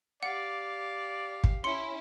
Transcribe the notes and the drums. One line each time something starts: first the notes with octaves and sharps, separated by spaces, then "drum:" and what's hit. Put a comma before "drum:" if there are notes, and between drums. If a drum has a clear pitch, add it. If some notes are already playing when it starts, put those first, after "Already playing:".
G4 D5 F5 F#5
drum: kick
C#4 E4 C6 C#7